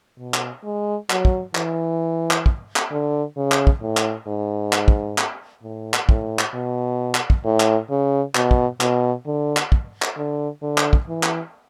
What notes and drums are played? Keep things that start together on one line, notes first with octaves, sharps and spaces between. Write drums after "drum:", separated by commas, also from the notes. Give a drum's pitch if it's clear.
B2
drum: clap
G#3
F#3, drum: clap
drum: kick
E3, drum: clap
drum: clap
drum: kick
drum: clap
D3
C#3
drum: clap
drum: kick
A2
drum: clap
G#2
drum: clap
drum: kick
drum: clap
A2
drum: clap
A2, drum: kick
drum: clap
B2
drum: clap
drum: kick
A2
drum: clap
C#3
B2, drum: clap
drum: kick
B2, drum: clap
D3
drum: clap
drum: kick
drum: clap
D3
D3
drum: clap
drum: kick
E3
drum: clap